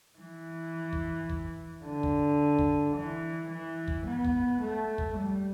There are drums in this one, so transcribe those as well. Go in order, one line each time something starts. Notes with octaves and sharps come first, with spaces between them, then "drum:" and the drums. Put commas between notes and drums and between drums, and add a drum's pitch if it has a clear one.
E3
drum: kick
drum: kick
D3
drum: kick
drum: kick
E3
E3
drum: kick
B3
drum: kick
A3
drum: kick
G3